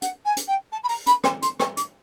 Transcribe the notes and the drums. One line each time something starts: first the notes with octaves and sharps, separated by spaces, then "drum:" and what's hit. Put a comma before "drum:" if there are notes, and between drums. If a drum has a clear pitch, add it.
F#5, drum: hi-hat
G#5
drum: hi-hat
G5
A5
B5
A#5, drum: open hi-hat
B5, drum: hi-hat
C6, drum: rim click
C6, drum: hi-hat
C#6, drum: rim click
D6, drum: hi-hat